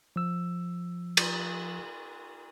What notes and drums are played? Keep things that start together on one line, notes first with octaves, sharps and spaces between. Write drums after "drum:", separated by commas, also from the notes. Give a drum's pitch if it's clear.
F3 E6
drum: cymbal